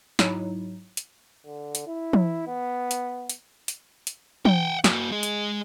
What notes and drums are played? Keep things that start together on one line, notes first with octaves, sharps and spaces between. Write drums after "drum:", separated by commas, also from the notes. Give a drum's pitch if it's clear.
G#2 F#3 D#4 E4, drum: snare
drum: hi-hat
D3
drum: hi-hat
E4
drum: tom
B3
drum: hi-hat
drum: hi-hat
drum: hi-hat
drum: hi-hat
F#5 G5, drum: tom
A#3 F#4, drum: snare
G#3 G#4
drum: hi-hat